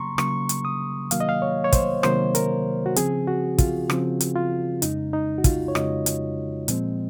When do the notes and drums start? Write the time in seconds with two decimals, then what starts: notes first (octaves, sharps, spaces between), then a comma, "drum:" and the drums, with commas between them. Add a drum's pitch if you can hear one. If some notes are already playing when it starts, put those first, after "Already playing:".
Already playing: C#3 F#3 A#3 A#5 C6 C#6
0.18 C#3 F#3 A#3 C#6, drum: rim click
0.49 drum: hi-hat
0.65 D#6
1.11 C3 D#3 F#3 A#3 F5, drum: hi-hat
1.20 D#5
1.29 F5
1.42 C#5
1.64 C#5
1.72 C5, drum: kick, hi-hat
2.03 C3 D#3 F#3 A#3 C5, drum: rim click
2.35 A#4, drum: hi-hat
2.86 F#4
2.96 C#3 F3 C4 G#4, drum: hi-hat
3.27 F#4
3.58 F4, drum: kick, hi-hat
3.90 C#3 F3 C4, drum: rim click
4.20 drum: hi-hat
4.35 F4
4.82 F2 C#3 G#3 D#4, drum: hi-hat
5.13 D#4
5.38 F#4
5.44 F4, drum: kick, hi-hat
5.68 C#5
5.75 F2 C#3 G#3 D#5, drum: rim click
6.06 drum: hi-hat
6.68 A#2 F3 G#3 C4, drum: hi-hat